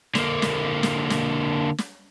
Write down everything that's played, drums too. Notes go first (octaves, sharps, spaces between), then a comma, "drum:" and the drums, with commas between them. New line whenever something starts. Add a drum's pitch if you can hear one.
D3 A#3, drum: snare
drum: snare
drum: snare
drum: snare
drum: snare